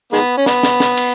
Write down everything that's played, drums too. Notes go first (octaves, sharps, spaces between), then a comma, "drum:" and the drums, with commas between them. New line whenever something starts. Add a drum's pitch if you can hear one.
D#3 G#3 B3
C#4
B3, drum: snare
drum: snare
drum: snare
drum: cymbal